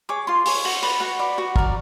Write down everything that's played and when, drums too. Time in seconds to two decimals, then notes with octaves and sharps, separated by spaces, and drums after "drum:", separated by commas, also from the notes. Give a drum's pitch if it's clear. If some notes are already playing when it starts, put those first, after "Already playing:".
0.09 G#4 C#5 D6
0.27 F4 C6
0.46 G#4 C#5, drum: open hi-hat
0.65 F#4, drum: cymbal
0.83 B4 D5, drum: cymbal
1.00 F#4 F#5
1.19 B4 D5
1.38 F#4
1.56 A#4 D5, drum: kick